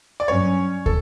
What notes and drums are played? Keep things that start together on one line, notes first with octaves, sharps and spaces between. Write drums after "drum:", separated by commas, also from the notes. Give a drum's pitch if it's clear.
D5
G2 F#3 C#4 C#5
A4, drum: kick